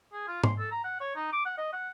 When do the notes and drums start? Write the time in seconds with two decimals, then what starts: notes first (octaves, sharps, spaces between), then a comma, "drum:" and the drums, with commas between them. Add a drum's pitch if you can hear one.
0.12 G#4
0.27 F4
0.44 C6, drum: tom
0.59 A4
0.71 A#5
0.84 F#5
1.01 C#5
1.16 D#4
1.32 D6
1.45 F#5
1.57 D#5
1.73 F#5